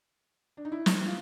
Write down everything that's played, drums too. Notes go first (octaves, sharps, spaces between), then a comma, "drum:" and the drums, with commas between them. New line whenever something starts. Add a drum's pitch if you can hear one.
D4
D#4
E4
drum: snare
F4